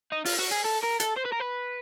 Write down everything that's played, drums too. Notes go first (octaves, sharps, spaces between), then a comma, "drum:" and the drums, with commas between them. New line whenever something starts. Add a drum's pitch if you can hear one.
D#4
F4, drum: open hi-hat
F#4
G#4
A4
A#4
A4, drum: hi-hat
C5
B4
A#4
B4